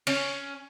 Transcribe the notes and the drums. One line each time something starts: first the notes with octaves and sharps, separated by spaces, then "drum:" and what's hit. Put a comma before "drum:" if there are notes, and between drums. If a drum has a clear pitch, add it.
C#4, drum: open hi-hat